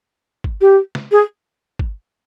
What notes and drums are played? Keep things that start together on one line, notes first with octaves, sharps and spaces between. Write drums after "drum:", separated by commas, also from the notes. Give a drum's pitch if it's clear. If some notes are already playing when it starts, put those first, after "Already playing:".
drum: kick
G4
drum: snare
G#4
drum: kick